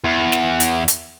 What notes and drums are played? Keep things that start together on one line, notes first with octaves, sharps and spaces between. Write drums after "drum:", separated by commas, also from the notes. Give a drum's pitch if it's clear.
E2
drum: snare
drum: hi-hat
drum: hi-hat